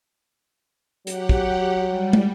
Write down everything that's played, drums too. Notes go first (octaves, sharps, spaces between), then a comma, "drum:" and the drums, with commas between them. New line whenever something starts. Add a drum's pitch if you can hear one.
F#3 G4 F#5, drum: hi-hat
drum: kick
G3
drum: tom